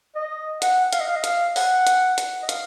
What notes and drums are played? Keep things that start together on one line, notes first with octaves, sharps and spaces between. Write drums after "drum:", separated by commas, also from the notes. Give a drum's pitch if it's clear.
D#5
F#5, drum: hi-hat
F5, drum: hi-hat
D#5
F5
D#5
F5, drum: hi-hat
F#5, drum: open hi-hat
drum: hi-hat
drum: hi-hat
D#5
F5, drum: hi-hat